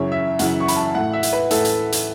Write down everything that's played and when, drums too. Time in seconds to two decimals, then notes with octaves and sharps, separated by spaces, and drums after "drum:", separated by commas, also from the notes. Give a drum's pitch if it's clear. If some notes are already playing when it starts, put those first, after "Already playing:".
Already playing: F#2 C#3 E3 C#5
0.12 E5
0.39 F#2 C#3 E3 F#5, drum: hi-hat
0.60 C#6
0.68 B5, drum: hi-hat
0.76 A5
0.95 A2 E3 F#5
1.13 E5
1.23 drum: hi-hat
1.33 B4
1.51 A2 E3 A4, drum: hi-hat
1.65 drum: hi-hat
1.92 drum: hi-hat